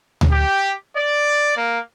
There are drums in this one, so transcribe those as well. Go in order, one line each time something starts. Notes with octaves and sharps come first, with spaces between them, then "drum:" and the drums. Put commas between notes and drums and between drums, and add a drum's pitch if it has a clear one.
drum: tom D2
G4
D5
A#3